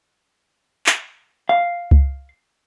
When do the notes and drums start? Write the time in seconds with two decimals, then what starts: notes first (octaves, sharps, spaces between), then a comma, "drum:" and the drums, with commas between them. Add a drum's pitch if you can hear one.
0.86 drum: clap
1.49 F5
1.91 drum: kick C#2